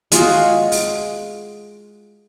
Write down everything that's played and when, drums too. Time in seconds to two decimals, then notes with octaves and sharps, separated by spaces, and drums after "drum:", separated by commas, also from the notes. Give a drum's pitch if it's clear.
0.12 G#3 F4 F#4 G#4, drum: hi-hat
0.72 drum: open hi-hat